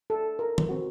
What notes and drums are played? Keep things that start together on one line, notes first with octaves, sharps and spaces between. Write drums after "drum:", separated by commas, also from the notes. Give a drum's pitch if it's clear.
A4
A#4
drum: tom
C4 F#4